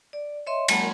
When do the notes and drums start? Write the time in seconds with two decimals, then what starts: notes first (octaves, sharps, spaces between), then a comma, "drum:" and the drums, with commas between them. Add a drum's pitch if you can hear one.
0.13 D5
0.47 C#5 D#5 E5 C6
0.68 F#3 G#3 A#3 F#5 A5 B5, drum: cymbal